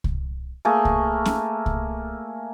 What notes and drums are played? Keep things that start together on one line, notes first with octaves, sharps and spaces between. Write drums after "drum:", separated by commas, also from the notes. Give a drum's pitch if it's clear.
drum: kick C2
A3 A#3 G#4
drum: kick C2
drum: snare C#4
drum: kick C2